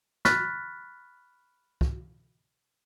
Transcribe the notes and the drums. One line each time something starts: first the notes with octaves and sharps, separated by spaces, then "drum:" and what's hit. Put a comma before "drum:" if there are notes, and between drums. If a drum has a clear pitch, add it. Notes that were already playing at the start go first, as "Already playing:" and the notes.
B5 C#6 F6 F#6 A6 B6, drum: snare
drum: kick C2